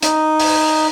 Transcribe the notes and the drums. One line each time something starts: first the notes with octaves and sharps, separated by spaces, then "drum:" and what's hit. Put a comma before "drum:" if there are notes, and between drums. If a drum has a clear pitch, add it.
D#4, drum: hi-hat
drum: open hi-hat